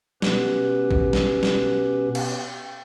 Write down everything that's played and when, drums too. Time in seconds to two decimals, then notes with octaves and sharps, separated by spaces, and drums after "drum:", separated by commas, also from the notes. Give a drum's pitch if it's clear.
0.22 B2 B3 C#4 G4 B4, drum: snare
0.91 drum: kick
1.13 drum: snare
1.43 drum: snare
2.15 drum: cymbal